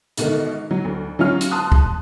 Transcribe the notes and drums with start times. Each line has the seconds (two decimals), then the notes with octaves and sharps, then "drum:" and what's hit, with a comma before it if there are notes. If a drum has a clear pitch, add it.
0.17 G#2 B2 D3 D#3 A3, drum: hi-hat
0.71 F#3
0.85 D2
1.19 F#3 C#4 F4 F6
1.41 drum: hi-hat
1.51 A5 C6 D#6 F#6
1.72 drum: kick